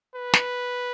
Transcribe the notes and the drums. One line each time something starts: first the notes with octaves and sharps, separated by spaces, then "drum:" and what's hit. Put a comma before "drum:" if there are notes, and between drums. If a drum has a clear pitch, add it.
B4
drum: snare